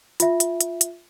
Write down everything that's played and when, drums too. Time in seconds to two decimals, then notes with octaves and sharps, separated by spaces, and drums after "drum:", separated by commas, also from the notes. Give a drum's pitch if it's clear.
0.20 F4 E5, drum: hi-hat
0.40 drum: hi-hat
0.61 drum: hi-hat
0.81 drum: hi-hat